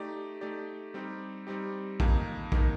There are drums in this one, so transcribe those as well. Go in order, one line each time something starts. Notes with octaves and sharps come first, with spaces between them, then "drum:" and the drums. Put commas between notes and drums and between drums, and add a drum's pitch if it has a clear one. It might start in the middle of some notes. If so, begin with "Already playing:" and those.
Already playing: A3 D#4 G4 D5
A3 D#4 G4 D5
G3 C4 D#4 G4
G3 C4 D#4 G4
F2 D#3 A#3 D#4, drum: kick A1
D#3 A#3 D#4, drum: kick A1